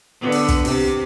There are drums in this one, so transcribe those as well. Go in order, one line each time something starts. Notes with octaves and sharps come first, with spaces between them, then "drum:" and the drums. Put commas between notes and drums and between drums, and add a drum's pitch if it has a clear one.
D3 B3
drum: open hi-hat
drum: kick, hi-hat
C3, drum: open hi-hat